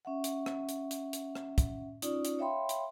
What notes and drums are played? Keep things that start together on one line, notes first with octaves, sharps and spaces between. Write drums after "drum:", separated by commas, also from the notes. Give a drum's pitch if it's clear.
C#4 E5 F#5
drum: hi-hat
drum: rim click
drum: hi-hat
drum: hi-hat
drum: hi-hat
drum: rim click
drum: kick, hi-hat
C#4 D#4 F4 D5, drum: hi-hat
drum: hi-hat
C#5 E5 F5 G5 B5 C6
drum: hi-hat